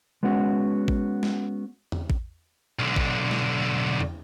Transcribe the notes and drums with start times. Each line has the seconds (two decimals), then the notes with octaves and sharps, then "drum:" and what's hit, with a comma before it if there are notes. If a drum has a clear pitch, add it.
0.23 G#3 B3 C#4 F#4
0.88 drum: kick A1
1.23 drum: snare
1.92 drum: tom
2.10 drum: kick A1
2.79 B1 D3
2.96 drum: kick A1
3.31 drum: snare
4.01 drum: tom